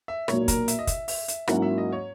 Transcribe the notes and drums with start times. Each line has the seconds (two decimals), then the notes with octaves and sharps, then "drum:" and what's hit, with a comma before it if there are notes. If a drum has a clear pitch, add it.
0.08 E5
0.28 B1 A#2 A#3 C#5, drum: rim click
0.48 A#4, drum: kick, hi-hat
0.68 E5, drum: hi-hat
0.79 D#5
0.87 E5, drum: kick, hi-hat
1.08 E5, drum: open hi-hat
1.28 E5, drum: hi-hat
1.48 G#2 F#3 A#3 C#4 E4 F#5, drum: rim click
1.62 E5
1.78 D#5
1.92 C#5